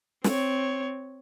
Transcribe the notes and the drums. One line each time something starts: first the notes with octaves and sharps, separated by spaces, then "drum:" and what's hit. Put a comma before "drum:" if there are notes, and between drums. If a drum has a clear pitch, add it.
C4 C#5, drum: snare